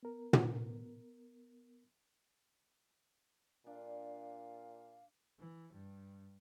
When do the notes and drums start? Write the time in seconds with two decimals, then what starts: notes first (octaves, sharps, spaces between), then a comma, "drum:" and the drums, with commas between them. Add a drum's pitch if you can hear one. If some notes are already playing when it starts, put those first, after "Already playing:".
0.03 B3 A#4
0.33 drum: tom
3.66 A#2 D4 F5
5.39 E3
5.73 G2